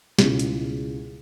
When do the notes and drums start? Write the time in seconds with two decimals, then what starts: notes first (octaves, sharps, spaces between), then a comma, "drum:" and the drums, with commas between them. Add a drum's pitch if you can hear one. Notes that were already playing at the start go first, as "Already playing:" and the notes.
0.19 C#2 B2 G#3 C#4 E4, drum: snare
0.39 drum: hi-hat